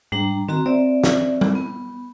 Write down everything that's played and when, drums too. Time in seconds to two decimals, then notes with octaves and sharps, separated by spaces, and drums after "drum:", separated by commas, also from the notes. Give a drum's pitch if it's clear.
0.12 G#2 G3 D4 A#5
0.49 D#3 C4 F#4 A#5
0.66 C4 D5 E5
1.04 drum: snare
1.41 drum: tom G3
1.55 B3